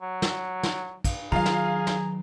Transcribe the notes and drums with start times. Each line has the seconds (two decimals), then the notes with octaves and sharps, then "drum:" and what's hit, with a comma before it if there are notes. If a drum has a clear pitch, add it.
0.02 F#3
0.22 drum: snare
0.63 drum: snare
1.04 drum: kick, cymbal
1.32 D#3 F#3 F4 G#4 F5 A#5
1.46 drum: snare
1.87 drum: snare